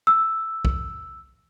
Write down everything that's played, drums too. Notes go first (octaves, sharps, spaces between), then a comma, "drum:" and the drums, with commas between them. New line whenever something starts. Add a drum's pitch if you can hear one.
E6
drum: kick